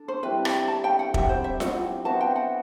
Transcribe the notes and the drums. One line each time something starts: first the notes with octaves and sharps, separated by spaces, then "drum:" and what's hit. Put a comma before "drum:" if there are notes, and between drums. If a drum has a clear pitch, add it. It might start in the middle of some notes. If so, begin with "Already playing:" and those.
Already playing: D4 A4
C5
G3 C4 E4 B4
G5, drum: rim click
A5
G5
F#5
F#3 C4 G4 D5 E5, drum: kick
C5
E5
F#5, drum: snare F4
B3 F#4 C5 E5 A5
G5
F#5